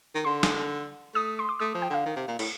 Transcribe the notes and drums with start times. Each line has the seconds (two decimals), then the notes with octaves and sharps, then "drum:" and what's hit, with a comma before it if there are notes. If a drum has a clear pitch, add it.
0.15 D#3
0.24 D3 C6
0.43 drum: snare
1.14 A3 D#6
1.39 C6
1.49 D6
1.60 A3 D#6
1.75 F3
1.82 G5
1.90 D3 F5
2.06 D#3
2.16 C3
2.28 A#2
2.39 A2, drum: cymbal